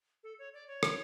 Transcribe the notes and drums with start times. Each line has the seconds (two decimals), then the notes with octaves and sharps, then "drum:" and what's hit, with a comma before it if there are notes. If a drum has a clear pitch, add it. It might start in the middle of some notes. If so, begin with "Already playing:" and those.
0.23 A4
0.39 C#5
0.54 D5
0.68 C#5
0.83 drum: rim click